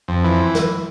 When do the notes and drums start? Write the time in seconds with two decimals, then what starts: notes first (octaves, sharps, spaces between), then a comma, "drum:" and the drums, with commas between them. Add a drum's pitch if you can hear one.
0.08 F2
0.24 E3
0.55 drum: snare